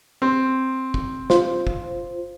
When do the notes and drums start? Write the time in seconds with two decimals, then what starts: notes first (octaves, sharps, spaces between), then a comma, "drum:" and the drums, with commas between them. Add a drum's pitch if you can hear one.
0.22 C4
0.94 drum: kick
1.30 F4 C5, drum: snare
1.67 drum: kick